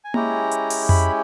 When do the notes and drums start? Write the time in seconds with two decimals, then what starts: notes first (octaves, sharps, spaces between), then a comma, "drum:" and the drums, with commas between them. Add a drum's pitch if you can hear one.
0.04 G#5
0.14 G#3 C#4 E4 G4 A#5, drum: tom A#3
0.51 drum: hi-hat
0.70 drum: open hi-hat
0.89 B5, drum: tom F2